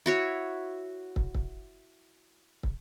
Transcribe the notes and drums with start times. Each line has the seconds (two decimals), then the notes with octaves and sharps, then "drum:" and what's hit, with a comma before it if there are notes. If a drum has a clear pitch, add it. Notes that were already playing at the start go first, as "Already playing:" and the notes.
0.06 E4 F#4 C#5
1.16 drum: kick
1.35 drum: kick
2.63 drum: kick